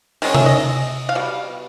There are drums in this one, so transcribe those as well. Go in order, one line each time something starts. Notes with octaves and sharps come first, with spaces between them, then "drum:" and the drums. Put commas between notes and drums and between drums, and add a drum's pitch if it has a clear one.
D#3 G#3 C#4, drum: open hi-hat
E5, drum: tom C3
D#5
F5
B2 G3